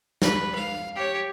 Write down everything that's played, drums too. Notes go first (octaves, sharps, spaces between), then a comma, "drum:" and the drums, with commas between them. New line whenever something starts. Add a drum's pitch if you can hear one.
B4, drum: snare
F5
G4 C#5